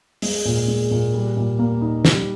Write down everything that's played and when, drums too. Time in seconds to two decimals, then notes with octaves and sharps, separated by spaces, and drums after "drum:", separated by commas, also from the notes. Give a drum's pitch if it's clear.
0.22 G#3, drum: open hi-hat
0.45 A#2
0.68 G#3
0.91 A#2
1.13 G3
1.37 A#2
1.59 A#3
1.82 D#4
2.05 G3, drum: snare